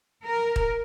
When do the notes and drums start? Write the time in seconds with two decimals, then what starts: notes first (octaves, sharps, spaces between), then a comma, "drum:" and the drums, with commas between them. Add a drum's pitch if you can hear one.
0.25 A#4
0.56 drum: kick